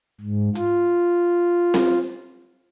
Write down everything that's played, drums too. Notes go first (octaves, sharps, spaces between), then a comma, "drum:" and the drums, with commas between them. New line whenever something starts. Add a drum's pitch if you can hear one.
G#2
F4, drum: hi-hat
drum: snare C4